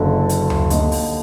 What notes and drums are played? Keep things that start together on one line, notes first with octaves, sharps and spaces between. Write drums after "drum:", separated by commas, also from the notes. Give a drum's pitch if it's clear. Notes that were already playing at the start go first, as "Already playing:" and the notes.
Already playing: F#1 F#2 D3
drum: hi-hat
drum: tom D2
D#2 D3 D#5, drum: hi-hat
drum: open hi-hat